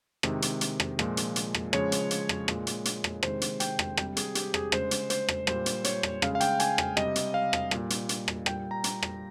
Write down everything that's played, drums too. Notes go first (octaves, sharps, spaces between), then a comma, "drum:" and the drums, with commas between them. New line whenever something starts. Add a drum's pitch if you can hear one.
C3 D#3 G#3, drum: rim click
drum: hi-hat
drum: hi-hat
drum: rim click
A#2 F3 G#3, drum: rim click
drum: hi-hat
drum: hi-hat
drum: rim click
C#3 F3 G#3 C#5, drum: rim click
drum: hi-hat
drum: hi-hat
drum: rim click
A#2 G#3, drum: rim click
drum: hi-hat
drum: hi-hat
drum: rim click
C3 D#3 G#3 C5, drum: rim click
drum: hi-hat
G5, drum: hi-hat
drum: rim click
C3 G3 G5, drum: rim click
G#4, drum: hi-hat
G4, drum: hi-hat
G#4, drum: rim click
C#3 G#3 C5, drum: rim click
drum: hi-hat
C5, drum: hi-hat
drum: rim click
A#2 G3 C5, drum: rim click
drum: hi-hat
C#5, drum: hi-hat
drum: rim click
C#3 G#3 F5, drum: rim click
F5
G5, drum: hi-hat
G#5, drum: hi-hat
drum: rim click
C3 G3 D#5, drum: rim click
drum: hi-hat
F5
drum: rim click
A#2 G3, drum: rim click
drum: hi-hat
drum: hi-hat
drum: rim click
A#2 G3 G5, drum: rim click
A#5
drum: hi-hat
drum: rim click